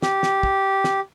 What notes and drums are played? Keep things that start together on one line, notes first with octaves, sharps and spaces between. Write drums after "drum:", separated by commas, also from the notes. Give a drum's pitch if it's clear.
G4, drum: snare
drum: snare
drum: kick
drum: snare